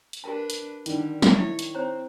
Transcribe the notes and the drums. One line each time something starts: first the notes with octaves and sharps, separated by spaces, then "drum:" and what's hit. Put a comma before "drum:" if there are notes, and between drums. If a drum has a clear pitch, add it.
drum: hi-hat
D4 G4 A#4 B4 A5
drum: hi-hat
D3 D#3 G3 D4, drum: hi-hat
drum: snare
E4 C#5 E5
drum: hi-hat
C4 C5 C#5 A#5